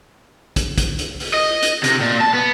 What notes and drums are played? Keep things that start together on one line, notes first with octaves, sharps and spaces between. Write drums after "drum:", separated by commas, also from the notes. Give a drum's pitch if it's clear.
drum: kick, hi-hat
drum: kick, hi-hat
drum: hi-hat
drum: open hi-hat
D#5
drum: hi-hat
C3, drum: hi-hat
A#2
A5
B3